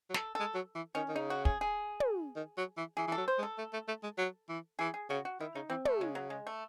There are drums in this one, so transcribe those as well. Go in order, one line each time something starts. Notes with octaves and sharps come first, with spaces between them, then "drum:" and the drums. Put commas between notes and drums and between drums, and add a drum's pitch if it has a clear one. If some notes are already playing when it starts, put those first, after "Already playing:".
F#3
A4, drum: snare
G#3 A4
F#3
E3
D#3 C#4
D#3
C#3 D#4
F#4
G#4, drum: kick
G#4
drum: tom
D#3
F#3
E3
E3 G#4
E3 A4
F#3
C5
G#3
A4
A3
A3
A3
G#3
F#3
E3
E3 G#4
G#4
C#3 F#4
F#4
D#3 E4
C#3 D#4
E3 C4
A3, drum: tom
C#3 G#3
F#3
G#3
A3